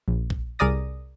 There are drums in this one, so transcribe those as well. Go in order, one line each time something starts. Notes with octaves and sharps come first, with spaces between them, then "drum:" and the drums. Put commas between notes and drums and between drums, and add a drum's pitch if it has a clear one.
A#1
drum: kick A#1
C2 G#4 A#4 D5 D#6 A#6